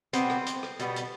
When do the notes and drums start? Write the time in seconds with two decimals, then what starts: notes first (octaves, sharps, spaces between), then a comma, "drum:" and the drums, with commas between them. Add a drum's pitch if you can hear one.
0.13 B2 G3 B3 C4, drum: hi-hat
0.30 drum: rim click
0.46 drum: hi-hat
0.63 drum: rim click
0.79 B2 G3 B3, drum: hi-hat
0.96 drum: hi-hat